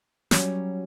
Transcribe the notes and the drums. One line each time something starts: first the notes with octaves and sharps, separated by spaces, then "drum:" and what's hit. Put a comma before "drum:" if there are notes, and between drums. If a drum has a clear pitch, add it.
F#3 G3 C#4, drum: snare